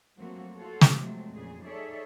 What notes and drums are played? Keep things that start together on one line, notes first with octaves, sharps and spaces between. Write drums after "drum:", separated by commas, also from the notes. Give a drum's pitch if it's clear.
F3 F#3 A3 A#3 C4 F#4
F4 F#4 A4 C#5
drum: snare
C3 F3 F#3 G#3 A3 C4
F2 A#2 C#3 G#4
D#4 G#4 A4 C#5 D5 E5